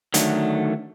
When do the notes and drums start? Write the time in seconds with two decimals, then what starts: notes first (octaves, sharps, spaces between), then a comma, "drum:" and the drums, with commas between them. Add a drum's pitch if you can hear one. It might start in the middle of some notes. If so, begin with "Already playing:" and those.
0.14 D3 D#3 F#3 A3, drum: hi-hat